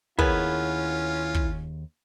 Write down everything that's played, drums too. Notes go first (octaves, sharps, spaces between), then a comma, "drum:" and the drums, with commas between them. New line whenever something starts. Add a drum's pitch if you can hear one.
D#2 B3 C#4 E4 F4 G#4 A#4 C#5, drum: kick
drum: kick